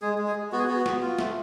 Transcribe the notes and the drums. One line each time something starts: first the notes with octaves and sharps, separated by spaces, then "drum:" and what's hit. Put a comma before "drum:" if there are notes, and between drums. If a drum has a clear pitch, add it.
G#3 G#4
G#3
G#4
G#3
B3 F#4
G#4
B3 F#4
B3, drum: snare
F4
A3, drum: snare